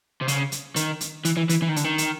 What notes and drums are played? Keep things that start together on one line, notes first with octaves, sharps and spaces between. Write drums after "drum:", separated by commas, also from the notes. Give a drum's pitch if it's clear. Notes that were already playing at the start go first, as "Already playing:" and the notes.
C3
C#3, drum: hi-hat
drum: hi-hat
D#3, drum: hi-hat
drum: hi-hat
E3, drum: hi-hat
E3
E3, drum: hi-hat
E3
D#3
D3, drum: hi-hat
D#3
drum: hi-hat